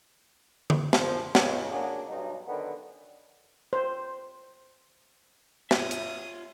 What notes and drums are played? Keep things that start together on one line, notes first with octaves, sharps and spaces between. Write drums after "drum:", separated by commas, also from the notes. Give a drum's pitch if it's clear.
drum: tom D3
A#1 F3, drum: snare
C#2, drum: snare
A#2 C#3 A#3 D4 F#4 G#4
B1 G2 D#4
F#2 D3 D#3 B3
C5
F4 C#5 E5 D#6, drum: snare
drum: hi-hat